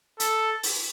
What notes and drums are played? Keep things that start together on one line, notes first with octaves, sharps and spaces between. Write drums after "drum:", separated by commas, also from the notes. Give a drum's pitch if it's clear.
A4, drum: hi-hat
drum: open hi-hat